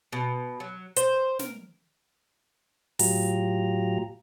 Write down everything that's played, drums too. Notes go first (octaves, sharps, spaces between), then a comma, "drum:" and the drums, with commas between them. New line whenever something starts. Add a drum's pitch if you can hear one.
B2
F#3
C5, drum: hi-hat
A#4, drum: snare
A2 F#3 F4 G4 A#5, drum: open hi-hat